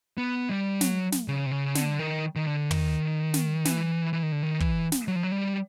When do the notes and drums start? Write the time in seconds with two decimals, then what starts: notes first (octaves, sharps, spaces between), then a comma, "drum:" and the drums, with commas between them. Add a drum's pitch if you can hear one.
0.18 B3
0.49 G3
0.81 F#3, drum: snare
1.12 drum: snare
1.28 C#3
1.46 C3
1.51 C#3
1.75 D3, drum: snare
1.99 D#3
2.36 D#3
2.47 D3
2.71 D#3, drum: tom
3.34 drum: snare
3.65 E3, drum: snare
4.13 E3
4.23 D#3
4.32 D3
4.43 D#3
4.60 E3, drum: kick
4.92 drum: snare
5.08 F#3
5.16 F3
5.23 F#3
5.32 G3